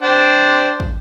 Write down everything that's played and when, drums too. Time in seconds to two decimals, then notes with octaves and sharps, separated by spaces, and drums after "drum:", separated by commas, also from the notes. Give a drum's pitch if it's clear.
0.03 D4 C5 G5
0.80 drum: kick